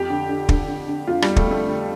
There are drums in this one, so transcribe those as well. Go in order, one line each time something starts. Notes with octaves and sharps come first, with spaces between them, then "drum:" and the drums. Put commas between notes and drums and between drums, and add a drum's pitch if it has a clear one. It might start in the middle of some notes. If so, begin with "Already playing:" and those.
Already playing: F2 G4
D3
D3
D3, drum: kick
D3
D3
F2 F4
G3, drum: rim click
F2
A3, drum: kick
F2 A3
D3